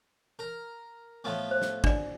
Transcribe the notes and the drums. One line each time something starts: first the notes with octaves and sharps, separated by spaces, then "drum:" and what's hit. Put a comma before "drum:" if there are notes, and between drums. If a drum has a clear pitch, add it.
A#4
A2 F3 B3
C5
drum: snare
D4 D5, drum: kick